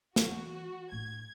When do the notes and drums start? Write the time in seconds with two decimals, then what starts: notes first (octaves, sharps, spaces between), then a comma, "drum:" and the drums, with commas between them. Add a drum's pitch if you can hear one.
0.16 E3 F#4, drum: snare
0.92 A2 D4 G#6